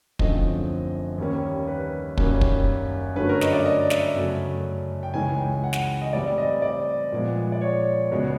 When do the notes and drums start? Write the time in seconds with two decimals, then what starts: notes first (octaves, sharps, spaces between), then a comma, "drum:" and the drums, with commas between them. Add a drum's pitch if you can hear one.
0.19 F#2 D3 F3 A3 C4 D#5, drum: kick
1.18 D#2 D#3 G3 A#3 C#4
1.67 B4
2.18 F#2 D#3 G3 A#3 C#4, drum: kick
2.41 drum: kick
3.16 G2 D3 F#3 A3 C#4 B4
3.29 A#4
3.41 D#5, drum: snare
3.53 D5
3.66 D#5
3.79 D#5
3.90 E5, drum: snare
4.16 F#2 C#3 F#3 A3
5.03 G5
5.14 C#2 C#3 E3 G#3 C#4 G#5
5.38 G5
5.64 F#5
5.73 drum: snare
6.01 D#5
6.13 A2 E3 G3 C4 D5
6.38 D#5
6.62 D5
7.12 A#2 F3 G#3 B3
7.52 D5
7.61 C#5
8.11 C#2 B2 G#3 B3